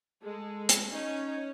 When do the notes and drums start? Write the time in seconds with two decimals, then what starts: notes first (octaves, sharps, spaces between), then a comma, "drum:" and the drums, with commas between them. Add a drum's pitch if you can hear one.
0.23 G#3 A4
0.69 drum: hi-hat
0.91 C#4 D#4 C#5